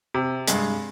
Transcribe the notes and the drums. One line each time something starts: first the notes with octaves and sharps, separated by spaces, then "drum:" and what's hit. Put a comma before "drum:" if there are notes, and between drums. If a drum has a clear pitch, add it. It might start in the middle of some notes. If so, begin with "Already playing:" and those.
C3
G2 G#3, drum: hi-hat